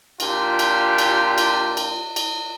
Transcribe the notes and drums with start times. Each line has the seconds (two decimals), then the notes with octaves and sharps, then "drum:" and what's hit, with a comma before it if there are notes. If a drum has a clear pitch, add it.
0.20 A#2 D4 F4 G4, drum: cymbal
0.59 drum: cymbal
0.98 drum: cymbal
1.38 drum: cymbal
1.77 drum: cymbal
2.16 drum: cymbal